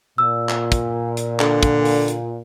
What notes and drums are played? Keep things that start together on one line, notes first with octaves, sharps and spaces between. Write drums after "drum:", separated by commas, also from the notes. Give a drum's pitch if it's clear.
A#2 E6
drum: clap
drum: kick, hi-hat
drum: hi-hat
D3, drum: clap
drum: kick, hi-hat
drum: open hi-hat
drum: hi-hat